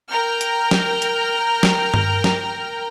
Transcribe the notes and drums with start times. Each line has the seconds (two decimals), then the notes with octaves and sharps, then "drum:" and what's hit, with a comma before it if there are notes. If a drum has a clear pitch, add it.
0.10 A#4 G5 A#5 F6 G6
0.41 drum: hi-hat
0.71 drum: snare
1.02 drum: hi-hat
1.63 drum: snare
1.94 drum: tom G2
2.24 drum: snare